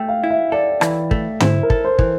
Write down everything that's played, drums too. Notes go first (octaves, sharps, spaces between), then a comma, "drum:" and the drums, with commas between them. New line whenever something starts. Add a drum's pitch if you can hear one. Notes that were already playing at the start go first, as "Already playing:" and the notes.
Already playing: A3 G5
F5
E4
E5
A4 D5
E3, drum: rim click
A3, drum: kick
E4 C5, drum: tom
A#4
A4, drum: kick
C5
E3, drum: kick